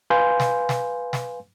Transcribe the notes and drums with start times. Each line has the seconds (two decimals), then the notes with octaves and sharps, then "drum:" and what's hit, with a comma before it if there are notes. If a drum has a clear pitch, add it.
0.10 B4 F5 G#5 C6 G6
0.40 drum: snare
0.69 drum: snare
1.13 drum: snare